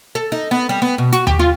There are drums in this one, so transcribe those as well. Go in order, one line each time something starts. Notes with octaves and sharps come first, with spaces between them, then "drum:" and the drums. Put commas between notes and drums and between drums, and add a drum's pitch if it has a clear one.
A4
D#4
B3
G3
B3
B2
F#4, drum: hi-hat
G4, drum: tom D#2
F4